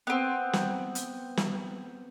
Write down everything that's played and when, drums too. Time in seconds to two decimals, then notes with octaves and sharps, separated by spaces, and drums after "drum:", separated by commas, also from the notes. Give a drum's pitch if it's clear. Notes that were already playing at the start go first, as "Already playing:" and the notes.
0.07 B3 C4
0.53 drum: snare
0.95 drum: hi-hat
1.37 drum: snare